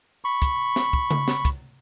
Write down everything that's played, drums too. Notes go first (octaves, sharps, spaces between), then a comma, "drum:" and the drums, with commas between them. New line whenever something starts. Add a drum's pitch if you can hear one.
B5 C#6
drum: kick, hi-hat
drum: snare
drum: kick
drum: tom C#3
drum: snare
drum: kick, hi-hat